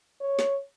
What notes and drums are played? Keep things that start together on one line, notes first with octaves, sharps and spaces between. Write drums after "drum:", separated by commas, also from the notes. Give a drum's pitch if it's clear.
C#5
drum: snare